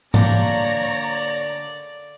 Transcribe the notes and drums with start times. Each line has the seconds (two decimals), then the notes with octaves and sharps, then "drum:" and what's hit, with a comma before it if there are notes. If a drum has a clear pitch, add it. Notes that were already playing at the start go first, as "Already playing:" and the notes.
0.14 D3 A#3 G4 C#5 D5 F#5 A#5, drum: tom G#2